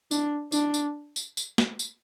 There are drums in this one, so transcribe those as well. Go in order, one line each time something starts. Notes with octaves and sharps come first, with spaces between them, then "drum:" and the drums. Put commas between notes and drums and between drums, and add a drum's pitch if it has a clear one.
D4, drum: tambourine
D4, drum: tambourine
drum: tambourine
drum: tambourine
drum: tambourine
drum: snare
drum: tambourine